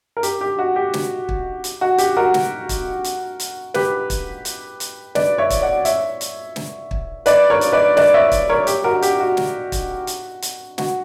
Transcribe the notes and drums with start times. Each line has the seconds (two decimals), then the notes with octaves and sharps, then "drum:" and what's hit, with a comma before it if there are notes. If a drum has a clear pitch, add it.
0.17 A#4
0.23 G4, drum: hi-hat
0.41 G4
0.59 F#4
0.76 G4
0.94 drum: snare
1.29 drum: kick
1.64 drum: hi-hat
1.81 F#4
1.98 G4, drum: hi-hat
2.17 F#4 A#4
2.34 drum: snare
2.69 drum: kick, hi-hat
3.04 drum: hi-hat
3.40 drum: hi-hat
3.74 G4 B4, drum: snare
4.10 drum: kick, hi-hat
4.45 drum: hi-hat
4.80 drum: hi-hat
5.15 B4 D5, drum: snare
5.38 C#5 E5
5.50 drum: kick, hi-hat
5.62 D5 F#5
5.85 C#5 E5, drum: hi-hat
6.21 drum: hi-hat
6.56 drum: snare
6.91 drum: kick
7.26 B4 D5, drum: hi-hat
7.50 A#4 C#5
7.61 drum: hi-hat
7.72 B4 D5
7.97 B4 D5, drum: snare
8.14 C#5 E5
8.32 drum: kick, hi-hat
8.49 A#4 C#5
8.67 G4, drum: hi-hat
8.84 F#4 A#4
8.97 F#4
9.02 G4, drum: hi-hat
9.20 F#4
9.37 drum: snare
9.72 drum: kick, hi-hat
10.07 drum: hi-hat
10.42 drum: hi-hat
10.78 F#4, drum: snare